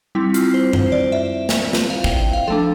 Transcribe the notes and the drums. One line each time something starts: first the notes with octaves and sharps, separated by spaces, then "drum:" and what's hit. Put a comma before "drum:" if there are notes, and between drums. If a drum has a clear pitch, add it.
G3 C4 E4
F4, drum: hi-hat
C5
C5, drum: tom F#2
D5
E5
drum: snare
drum: snare
F5
G5, drum: kick
F5
F3 A3 D4 A4